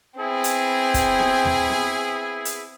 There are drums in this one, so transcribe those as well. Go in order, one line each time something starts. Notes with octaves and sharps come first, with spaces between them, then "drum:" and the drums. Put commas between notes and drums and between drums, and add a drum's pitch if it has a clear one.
B3 C4 E4 G#4
drum: hi-hat
drum: kick, hi-hat
drum: snare B3
drum: tom D#2
drum: snare B3
drum: hi-hat